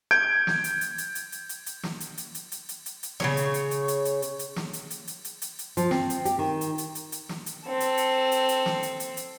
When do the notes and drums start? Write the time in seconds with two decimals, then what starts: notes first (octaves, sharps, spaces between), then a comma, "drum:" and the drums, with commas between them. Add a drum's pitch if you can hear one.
0.11 G6 G#6 D7
0.47 drum: snare
0.64 drum: hi-hat
0.81 drum: hi-hat
0.98 drum: hi-hat
1.15 drum: hi-hat
1.32 drum: hi-hat
1.49 drum: hi-hat
1.66 drum: hi-hat
1.83 drum: snare
2.00 drum: hi-hat
2.18 drum: hi-hat
2.35 drum: hi-hat
2.52 drum: hi-hat
2.69 drum: hi-hat
2.86 drum: hi-hat
3.03 drum: hi-hat
3.20 C#3 G#3 C#5, drum: snare
3.37 drum: hi-hat
3.54 drum: hi-hat
3.71 drum: hi-hat
3.88 drum: hi-hat
4.05 drum: hi-hat
4.22 drum: hi-hat
4.39 drum: hi-hat
4.56 drum: snare
4.73 drum: hi-hat
4.90 drum: hi-hat
5.07 drum: hi-hat
5.25 drum: hi-hat
5.42 drum: hi-hat
5.59 drum: hi-hat
5.77 F3, drum: hi-hat
5.91 C4, drum: snare
6.10 drum: hi-hat
6.25 G4, drum: hi-hat
6.39 D#3
6.61 drum: hi-hat
6.78 drum: hi-hat
6.95 drum: hi-hat
7.12 drum: hi-hat
7.29 drum: snare
7.46 drum: hi-hat
7.67 C4 A4
7.80 drum: hi-hat
7.97 drum: hi-hat
8.32 drum: hi-hat
8.49 drum: hi-hat
8.66 drum: snare
8.83 drum: hi-hat
9.00 drum: hi-hat
9.17 drum: hi-hat